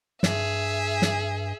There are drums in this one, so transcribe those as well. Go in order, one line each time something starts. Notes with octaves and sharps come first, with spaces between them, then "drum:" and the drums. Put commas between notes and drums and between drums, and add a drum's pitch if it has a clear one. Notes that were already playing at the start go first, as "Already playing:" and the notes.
G2 G#4 E5, drum: snare
drum: snare